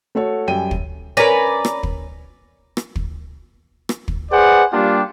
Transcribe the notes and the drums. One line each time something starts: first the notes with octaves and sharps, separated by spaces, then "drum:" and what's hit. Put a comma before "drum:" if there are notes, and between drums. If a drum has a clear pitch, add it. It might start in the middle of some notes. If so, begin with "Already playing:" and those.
A3 F#4 A4 C#5
F#2 G3 G5 G#5 D#7
drum: kick
C#4 A#4 B4 D5 A#5
drum: rim click
drum: kick
drum: rim click
drum: kick
drum: rim click
drum: kick
G#4 B4 C5 D5 F#5
G3 A#3 D4 F4 G4